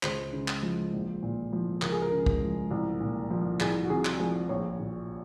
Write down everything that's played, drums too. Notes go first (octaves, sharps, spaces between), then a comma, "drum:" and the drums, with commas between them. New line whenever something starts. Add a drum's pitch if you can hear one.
C#2 C5, drum: clap
C#3
drum: clap
F3
A#1
A#2
F3
C#2 A#4, drum: clap
G#4
A#4
C#3
drum: kick
F3
C2
A#2
F3
C2 G#4, drum: clap
F#4
C3 G#4
drum: clap
F3 G#4
A#1 C#5
A#2